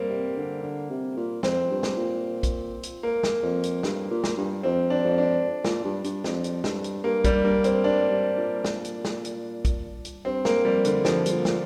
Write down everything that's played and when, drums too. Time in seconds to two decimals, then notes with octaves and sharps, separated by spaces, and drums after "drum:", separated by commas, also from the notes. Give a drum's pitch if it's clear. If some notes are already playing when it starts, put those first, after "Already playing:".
Already playing: G3 A#3 C4
0.09 C3
0.36 D3
0.63 D3
0.90 C3
1.17 A#2
1.43 F2 C4, drum: snare
1.70 G2
1.83 drum: snare
1.97 A#2
2.43 drum: kick, hi-hat
2.83 drum: hi-hat
3.03 A#3
3.23 drum: snare
3.43 F2
3.64 drum: hi-hat
3.83 G2, drum: snare
4.11 A#2
4.24 drum: snare
4.37 G2
4.63 F2 C4
4.90 D4
5.04 F2
5.18 D4
5.65 A#2, drum: snare
5.85 G2
6.04 G2, drum: hi-hat
6.24 F2, drum: snare
6.44 drum: hi-hat
6.64 G2, drum: snare
6.84 drum: hi-hat
7.04 G2 A#3
7.24 G3, drum: kick, hi-hat
7.44 G2 A#3
7.64 C4, drum: hi-hat
7.84 G2 D4
8.11 G2
8.37 A#2
8.65 drum: snare
8.85 drum: hi-hat
9.05 drum: snare
9.25 drum: hi-hat
9.65 drum: kick, hi-hat
10.05 drum: hi-hat
10.25 G2 C4
10.45 A#3, drum: snare
10.64 F2 G3
10.85 D3, drum: hi-hat
11.05 G2 F3, drum: snare
11.26 G2, drum: hi-hat
11.31 A#2
11.45 drum: snare